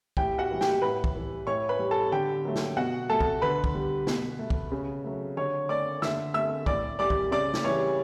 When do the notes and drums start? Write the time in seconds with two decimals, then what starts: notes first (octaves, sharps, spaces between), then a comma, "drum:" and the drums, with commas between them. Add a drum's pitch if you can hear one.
0.17 A2 G4 G5, drum: kick
0.38 F#4 F#5
0.50 E3 G3
0.61 G4 G5, drum: snare
0.82 A2 B4 B5
1.04 drum: kick
1.15 E3 G3
1.47 A2 C#5 C#6
1.69 B4 B5
1.79 G3
1.91 A4 A5
2.12 D3 G4 G5
2.45 F#3 A3
2.56 drum: snare
2.77 B2 F#4 F#5
3.09 A3 A4 A5
3.20 drum: kick
3.42 D3 B4 B5
3.64 drum: kick
3.75 G3
4.07 B2, drum: snare
4.39 A3
4.50 drum: kick
4.72 C#3
5.04 F#3 A3
5.37 D3 C#5 C#6
5.69 A3 D5 D6
6.02 D3 E5 E6, drum: snare
6.34 A3 E5 E6
6.66 A2 D5 D6, drum: kick
6.99 G3 D5 D6
7.10 drum: kick
7.31 C#3 D5 D6
7.54 drum: snare
7.64 E3 G3 C#5 C#6